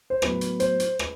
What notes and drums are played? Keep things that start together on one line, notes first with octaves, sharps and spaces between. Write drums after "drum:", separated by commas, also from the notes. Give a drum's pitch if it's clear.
C5
A2 F#3 B3 B4, drum: rim click
drum: hi-hat
C5, drum: hi-hat
drum: hi-hat
B4, drum: rim click